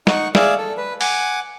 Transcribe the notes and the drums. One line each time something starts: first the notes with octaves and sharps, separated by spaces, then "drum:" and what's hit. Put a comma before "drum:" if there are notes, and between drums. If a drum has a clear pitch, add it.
D#4 F#5 C#6, drum: snare
G#4 D5 E5 F5, drum: snare
A4
B4
F#5 G#5 D6, drum: open hi-hat